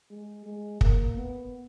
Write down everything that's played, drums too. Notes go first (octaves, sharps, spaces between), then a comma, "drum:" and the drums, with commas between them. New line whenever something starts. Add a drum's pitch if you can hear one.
G#3
G#3
A#3, drum: kick
B3